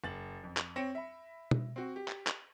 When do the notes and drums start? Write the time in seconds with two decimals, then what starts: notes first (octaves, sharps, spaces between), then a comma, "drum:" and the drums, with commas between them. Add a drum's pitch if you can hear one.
0.04 F#1 A6 F#7
0.43 F2
0.57 drum: clap
0.76 C4 C#5 G5 A#6 C#7 E7
0.95 E5 B5
1.51 drum: tom
1.76 C4 F#4
1.96 G4
2.08 drum: clap
2.27 drum: clap